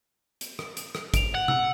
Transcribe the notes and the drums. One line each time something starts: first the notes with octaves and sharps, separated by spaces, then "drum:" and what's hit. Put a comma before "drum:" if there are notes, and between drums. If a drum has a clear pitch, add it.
drum: hi-hat
drum: rim click
drum: hi-hat
drum: rim click
D7 F7, drum: kick, hi-hat
F#5
E6, drum: tom C3